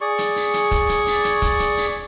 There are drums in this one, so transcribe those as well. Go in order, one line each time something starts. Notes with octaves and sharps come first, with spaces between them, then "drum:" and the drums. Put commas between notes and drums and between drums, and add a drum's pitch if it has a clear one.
G#4 D5 C#6
drum: hi-hat
drum: open hi-hat
drum: hi-hat
drum: kick, hi-hat
drum: hi-hat
drum: open hi-hat
drum: hi-hat
drum: kick, hi-hat
drum: hi-hat
drum: open hi-hat